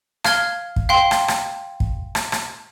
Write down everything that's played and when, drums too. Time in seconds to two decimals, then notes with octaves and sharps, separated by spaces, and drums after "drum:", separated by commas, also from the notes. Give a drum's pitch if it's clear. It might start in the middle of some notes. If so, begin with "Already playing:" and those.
0.24 F5 F6 G#6 G7, drum: rim click
0.76 drum: kick
0.89 F5 G5 C6
1.11 drum: rim click
1.28 drum: rim click
1.80 drum: kick
2.15 drum: rim click
2.32 drum: rim click